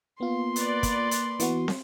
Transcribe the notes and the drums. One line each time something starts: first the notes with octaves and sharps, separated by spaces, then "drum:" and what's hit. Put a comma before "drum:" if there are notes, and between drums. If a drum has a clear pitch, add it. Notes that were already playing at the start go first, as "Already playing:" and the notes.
A#3 B3 F4 C6
B4 D5, drum: hi-hat
drum: kick, hi-hat
drum: hi-hat
E3 B3 F#4, drum: hi-hat
drum: snare